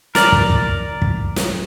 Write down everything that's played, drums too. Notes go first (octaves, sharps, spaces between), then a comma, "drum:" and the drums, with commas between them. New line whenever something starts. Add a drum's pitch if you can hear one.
A#4 D5, drum: snare
drum: kick
drum: kick
drum: kick
drum: snare